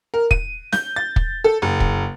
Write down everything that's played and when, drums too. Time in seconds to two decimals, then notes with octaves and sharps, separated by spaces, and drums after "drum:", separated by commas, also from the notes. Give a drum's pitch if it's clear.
0.14 A#4
0.31 D#7, drum: kick
0.73 G6, drum: snare
0.96 A6
1.16 drum: kick
1.44 A4
1.62 F#1
1.80 drum: kick